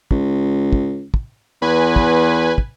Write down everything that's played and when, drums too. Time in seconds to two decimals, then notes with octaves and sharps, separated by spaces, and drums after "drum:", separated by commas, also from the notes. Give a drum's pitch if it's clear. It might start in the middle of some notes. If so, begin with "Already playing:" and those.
0.11 C#2, drum: kick
0.73 drum: kick
1.14 drum: kick
1.62 E2 B4 G#5
1.96 drum: kick
2.58 drum: kick